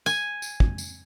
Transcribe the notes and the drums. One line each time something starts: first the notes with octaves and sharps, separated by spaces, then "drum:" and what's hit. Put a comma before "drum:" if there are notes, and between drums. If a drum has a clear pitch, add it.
G#5, drum: tambourine
drum: tambourine
drum: kick
drum: tambourine